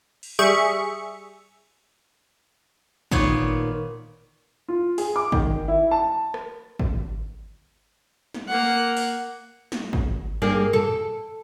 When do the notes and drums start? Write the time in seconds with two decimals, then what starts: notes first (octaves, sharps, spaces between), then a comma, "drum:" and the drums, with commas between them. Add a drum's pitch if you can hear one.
0.23 drum: cymbal
0.39 G3 G#4 E5 C#6 C#7
3.11 A#2 D#3 B3 C#5, drum: kick
4.68 F4
4.98 G#4, drum: open hi-hat
5.16 D6
5.32 D#3, drum: kick
5.68 E4
5.91 A5
6.34 drum: rim click
6.79 drum: kick
8.34 drum: snare
8.48 A#3 F#5
8.97 drum: open hi-hat
9.72 drum: snare
9.93 drum: kick
10.42 G2 A#3 G#4
10.73 A4, drum: tom